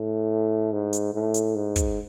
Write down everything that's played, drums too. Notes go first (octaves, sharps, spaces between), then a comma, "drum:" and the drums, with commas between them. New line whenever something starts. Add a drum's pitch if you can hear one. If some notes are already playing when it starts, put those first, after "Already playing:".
Already playing: A2
G#2
drum: hi-hat
A2
drum: hi-hat
G#2
drum: kick, hi-hat